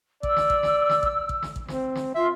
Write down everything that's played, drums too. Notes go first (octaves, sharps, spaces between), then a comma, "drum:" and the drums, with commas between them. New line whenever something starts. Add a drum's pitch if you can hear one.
D5 E6, drum: kick
drum: snare
drum: kick
drum: snare
drum: snare
drum: kick
drum: kick
drum: snare
drum: kick
C4, drum: snare
drum: snare
F4 E5 C6